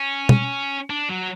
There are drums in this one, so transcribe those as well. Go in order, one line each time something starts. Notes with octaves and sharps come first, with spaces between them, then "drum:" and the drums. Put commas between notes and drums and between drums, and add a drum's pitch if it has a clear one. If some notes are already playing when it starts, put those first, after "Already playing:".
Already playing: C#4
drum: tom
D4
F#3